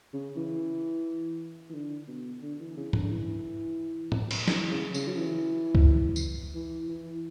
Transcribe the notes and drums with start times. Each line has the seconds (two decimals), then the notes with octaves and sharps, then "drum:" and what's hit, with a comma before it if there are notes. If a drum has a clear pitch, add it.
0.13 C#3
0.36 E3
1.70 E3
1.74 D3
2.08 B2
2.42 D3
2.60 E3
2.77 C#3
2.93 D3, drum: tom G#2
3.03 D3
3.11 E3
4.12 drum: tom
4.31 drum: cymbal
4.48 E3, drum: snare
4.71 C#3
4.94 C#3, drum: tambourine
5.08 F#3
5.17 E3
5.75 drum: kick C#2
6.16 drum: tambourine
6.54 E3
6.88 E3